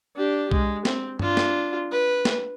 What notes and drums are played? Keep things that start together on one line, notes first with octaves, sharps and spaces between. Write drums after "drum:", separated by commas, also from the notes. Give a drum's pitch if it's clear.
D4 G4
G#3, drum: kick B1
C4, drum: snare
D4 F4, drum: tom G2
drum: snare
B4
drum: snare